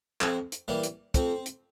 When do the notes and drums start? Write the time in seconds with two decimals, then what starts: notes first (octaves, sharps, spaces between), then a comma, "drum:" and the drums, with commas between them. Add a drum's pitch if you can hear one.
0.21 F2 C4, drum: clap
0.52 drum: hi-hat
0.68 E3 G3 A#3
0.83 drum: hi-hat
1.14 F2 C4, drum: kick, hi-hat
1.46 drum: hi-hat